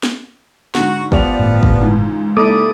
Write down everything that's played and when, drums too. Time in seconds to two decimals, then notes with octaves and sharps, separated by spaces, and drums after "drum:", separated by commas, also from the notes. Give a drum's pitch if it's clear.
0.03 drum: snare
0.75 G#2 D3 F#4, drum: snare
1.12 F3 B3 G4 D5 F7, drum: kick
1.39 G1 A2
1.63 drum: kick
1.81 C#2 G#2 E3
2.37 C3 G3 A#3 E4 A4 D6 D#6